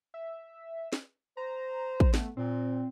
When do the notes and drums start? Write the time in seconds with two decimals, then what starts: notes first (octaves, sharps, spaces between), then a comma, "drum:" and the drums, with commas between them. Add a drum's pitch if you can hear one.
0.14 E5
0.93 drum: snare
1.37 C5 A#5
2.00 drum: kick
2.14 A3 B3, drum: snare
2.37 A#2 C4